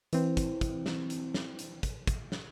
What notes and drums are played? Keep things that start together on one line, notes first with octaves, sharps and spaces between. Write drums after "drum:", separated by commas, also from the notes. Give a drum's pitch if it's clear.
E3 C4, drum: hi-hat
drum: kick, hi-hat
drum: kick, hi-hat
drum: snare
drum: hi-hat
drum: snare
drum: hi-hat
drum: kick, hi-hat
drum: kick, hi-hat
drum: snare